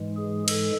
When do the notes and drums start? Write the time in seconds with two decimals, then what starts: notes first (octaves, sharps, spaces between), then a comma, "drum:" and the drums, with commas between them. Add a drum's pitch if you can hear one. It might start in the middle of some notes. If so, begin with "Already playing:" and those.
Already playing: G#2 E3 G#3
0.17 G#4
0.48 A4, drum: cymbal